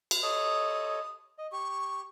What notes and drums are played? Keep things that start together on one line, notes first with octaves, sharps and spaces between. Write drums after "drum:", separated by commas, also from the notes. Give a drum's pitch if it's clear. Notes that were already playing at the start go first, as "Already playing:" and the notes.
drum: cymbal
A4 C#5 D#5 D#6
D#5
G4 C#6